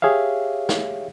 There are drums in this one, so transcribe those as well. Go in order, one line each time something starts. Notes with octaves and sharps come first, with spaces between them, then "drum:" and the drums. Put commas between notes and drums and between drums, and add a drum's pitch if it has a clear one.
G4 G#4 C#5 E5 F5
drum: snare